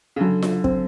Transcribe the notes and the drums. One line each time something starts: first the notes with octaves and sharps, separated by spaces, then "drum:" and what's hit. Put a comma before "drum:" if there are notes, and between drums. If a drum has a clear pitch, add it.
C#3
D3 F#3
drum: snare F4
C4, drum: kick